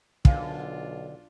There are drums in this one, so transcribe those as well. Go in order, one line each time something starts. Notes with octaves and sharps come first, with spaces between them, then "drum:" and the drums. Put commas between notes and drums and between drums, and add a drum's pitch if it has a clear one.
B1 D3 D4 F4 A#4 F5 G#5, drum: kick